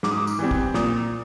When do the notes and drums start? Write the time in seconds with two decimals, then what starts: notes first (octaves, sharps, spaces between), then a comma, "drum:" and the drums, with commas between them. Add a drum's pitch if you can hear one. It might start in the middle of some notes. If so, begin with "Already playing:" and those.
0.03 G#2 D6, drum: snare
0.11 D#6
0.18 D6
0.27 drum: tambourine
0.39 E3 G3 C4
0.51 drum: kick
0.74 A#2 D#6, drum: snare